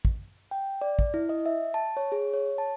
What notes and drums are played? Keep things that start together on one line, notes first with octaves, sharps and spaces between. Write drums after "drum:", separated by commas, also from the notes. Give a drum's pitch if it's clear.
drum: kick
G5
D5
drum: kick
E4
D#5
E5
A5
C#5
G#4
C#5
A5